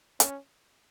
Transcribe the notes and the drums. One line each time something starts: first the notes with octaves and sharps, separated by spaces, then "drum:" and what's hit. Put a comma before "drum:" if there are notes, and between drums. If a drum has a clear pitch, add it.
C#4, drum: hi-hat